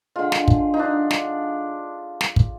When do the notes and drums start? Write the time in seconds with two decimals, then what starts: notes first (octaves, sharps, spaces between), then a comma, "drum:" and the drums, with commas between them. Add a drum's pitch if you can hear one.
0.16 D3 G#3 F4
0.32 drum: snare
0.48 drum: kick
0.74 D#4
0.79 D4
1.11 drum: snare
2.21 drum: snare
2.36 drum: kick